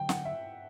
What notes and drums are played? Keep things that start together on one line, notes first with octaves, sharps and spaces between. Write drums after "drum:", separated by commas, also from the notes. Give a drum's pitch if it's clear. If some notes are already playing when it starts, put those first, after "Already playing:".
Already playing: D3 F#3 G5
F#5, drum: snare
E5